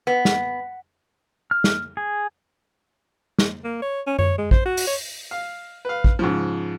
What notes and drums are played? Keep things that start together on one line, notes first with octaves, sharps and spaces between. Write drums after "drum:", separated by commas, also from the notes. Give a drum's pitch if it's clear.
B3
drum: snare
F6
drum: snare
G#4
drum: snare
A#3
C#5
C#4
C#5, drum: tom F#2
G#3
C5, drum: kick
F#4
drum: open hi-hat
C#5
F5
B4 F5
drum: kick
G#2 C#3 F3